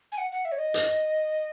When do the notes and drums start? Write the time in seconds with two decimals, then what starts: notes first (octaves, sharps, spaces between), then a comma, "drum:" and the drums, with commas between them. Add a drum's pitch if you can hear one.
0.12 G#5
0.18 F#5
0.32 F#5
0.45 E5
0.52 C#5
0.59 D#5
0.74 drum: hi-hat